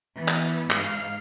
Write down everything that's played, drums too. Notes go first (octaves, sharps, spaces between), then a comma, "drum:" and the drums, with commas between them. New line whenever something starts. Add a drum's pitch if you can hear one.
E3 B3
drum: clap
drum: tambourine
G#2 F5, drum: clap
drum: tambourine